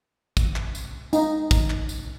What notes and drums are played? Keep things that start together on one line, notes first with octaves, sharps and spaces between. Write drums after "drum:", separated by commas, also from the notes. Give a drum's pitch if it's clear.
drum: kick, tambourine
drum: clap
drum: tambourine
D#4, drum: tambourine
drum: kick, tambourine
drum: clap
drum: tambourine